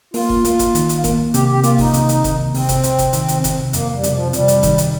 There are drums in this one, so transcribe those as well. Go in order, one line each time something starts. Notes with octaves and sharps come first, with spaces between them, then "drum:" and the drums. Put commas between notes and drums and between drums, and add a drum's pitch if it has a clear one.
A#3 F4, drum: open hi-hat
drum: kick F1
A#3, drum: hi-hat
drum: kick F1, hi-hat
D#3, drum: hi-hat
drum: hi-hat
A#3, drum: kick F1, hi-hat
C3 G4, drum: hi-hat
G4
A#3 F4, drum: hi-hat
D#4, drum: kick F1, open hi-hat
C3, drum: hi-hat
drum: hi-hat
C3, drum: kick F1, hi-hat
C3 C4, drum: open hi-hat
drum: kick F1, hi-hat
C3, drum: hi-hat
drum: kick F1, hi-hat
D#3, drum: hi-hat
drum: hi-hat
C3, drum: kick F1, hi-hat
F2 A#3, drum: hi-hat
G3
C3, drum: hi-hat
F3
C3 G3, drum: hi-hat
drum: hi-hat
D#3, drum: kick F1, hi-hat
drum: hi-hat